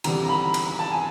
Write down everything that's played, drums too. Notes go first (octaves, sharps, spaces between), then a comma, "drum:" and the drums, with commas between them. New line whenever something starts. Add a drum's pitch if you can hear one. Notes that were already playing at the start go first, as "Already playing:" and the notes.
D2 C3 E3 G3 A#5, drum: cymbal
A#5
B5
drum: cymbal
A#5
A5
G#5